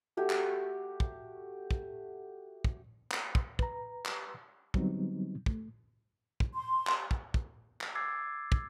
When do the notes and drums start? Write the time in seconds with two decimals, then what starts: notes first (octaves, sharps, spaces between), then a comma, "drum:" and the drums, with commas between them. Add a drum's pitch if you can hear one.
0.17 A3 F#4 G4
0.30 drum: clap
1.00 drum: kick
1.71 drum: kick
2.64 drum: kick
3.11 drum: clap
3.35 drum: kick
3.59 B4 A#5, drum: kick
4.05 drum: clap
4.74 D3 F#3 G3 B3 C4 D#4, drum: kick
5.46 A3, drum: kick
6.40 drum: kick
6.54 C6
6.87 drum: clap
7.11 drum: kick
7.34 drum: kick
7.81 drum: clap
7.95 D6 E6 G#6 A6 C7
8.52 drum: kick